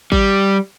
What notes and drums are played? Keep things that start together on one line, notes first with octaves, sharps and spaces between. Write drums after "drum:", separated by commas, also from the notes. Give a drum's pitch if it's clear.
G3, drum: kick G#1